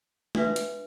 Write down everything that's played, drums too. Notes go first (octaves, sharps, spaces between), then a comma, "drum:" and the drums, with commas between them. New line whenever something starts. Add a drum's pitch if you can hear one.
D4 F#4 B4 E5, drum: tom G#3
drum: hi-hat